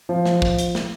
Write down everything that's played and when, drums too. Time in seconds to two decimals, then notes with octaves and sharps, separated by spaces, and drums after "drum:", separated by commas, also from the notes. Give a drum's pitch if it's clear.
0.09 F3
0.25 drum: snare
0.42 drum: kick
0.58 drum: hi-hat
0.75 drum: snare